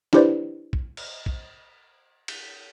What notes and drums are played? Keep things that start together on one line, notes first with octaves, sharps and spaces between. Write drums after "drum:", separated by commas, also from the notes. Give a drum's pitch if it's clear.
D4 E4 G4 B4 C5 D5, drum: snare
drum: kick
drum: cymbal
drum: kick
drum: cymbal